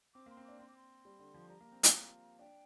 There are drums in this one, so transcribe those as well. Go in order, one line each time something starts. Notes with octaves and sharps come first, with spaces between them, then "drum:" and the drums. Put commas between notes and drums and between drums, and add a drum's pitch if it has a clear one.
C4 D6
A#3
C6
C4
D4 D6
C4 C6
D6
C6
G3
D3
F3
G3 A#5
A#3
C4
F4, drum: hi-hat
D4 G5